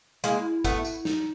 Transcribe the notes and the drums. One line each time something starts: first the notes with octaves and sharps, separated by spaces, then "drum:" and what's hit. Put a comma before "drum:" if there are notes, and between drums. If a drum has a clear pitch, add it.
G#3 A#3 E4, drum: tambourine
A3 B3, drum: kick, tambourine
drum: tambourine
D#4, drum: snare